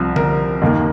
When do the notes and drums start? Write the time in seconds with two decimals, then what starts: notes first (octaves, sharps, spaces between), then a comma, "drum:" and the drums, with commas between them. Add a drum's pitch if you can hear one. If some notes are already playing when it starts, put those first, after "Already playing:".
Already playing: C2 C3 F3
0.16 A#4, drum: tom D3
0.62 D#2 D#3 A#3